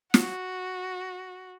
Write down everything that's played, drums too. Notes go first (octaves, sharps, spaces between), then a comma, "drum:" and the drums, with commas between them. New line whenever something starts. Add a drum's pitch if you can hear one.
F#4, drum: snare